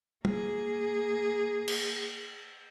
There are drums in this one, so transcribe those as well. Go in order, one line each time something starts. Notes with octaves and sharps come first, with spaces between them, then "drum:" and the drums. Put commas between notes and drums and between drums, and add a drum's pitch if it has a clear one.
A#3 G#4, drum: tom
drum: cymbal